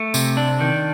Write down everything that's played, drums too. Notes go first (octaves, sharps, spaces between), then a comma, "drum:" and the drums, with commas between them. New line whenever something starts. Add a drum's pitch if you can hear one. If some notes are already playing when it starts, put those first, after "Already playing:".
Already playing: A3
C3, drum: tambourine
D4
D#3